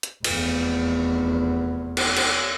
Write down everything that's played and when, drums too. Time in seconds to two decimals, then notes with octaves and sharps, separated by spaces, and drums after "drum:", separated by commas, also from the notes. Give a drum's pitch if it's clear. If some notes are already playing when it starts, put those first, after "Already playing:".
0.03 drum: hi-hat
0.24 F1 E2, drum: cymbal
1.97 drum: cymbal
2.17 drum: cymbal